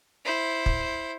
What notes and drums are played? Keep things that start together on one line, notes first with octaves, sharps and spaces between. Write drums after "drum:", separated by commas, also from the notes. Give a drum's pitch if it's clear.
E4 C5
drum: kick